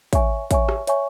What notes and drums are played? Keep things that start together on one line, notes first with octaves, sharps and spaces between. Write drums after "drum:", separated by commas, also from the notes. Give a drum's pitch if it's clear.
C#5 E5 G#5 C#6, drum: kick, hi-hat
C#5 E5 G#5 C#6, drum: kick, hi-hat
drum: rim click
C#5 E5 G#5 C#6, drum: hi-hat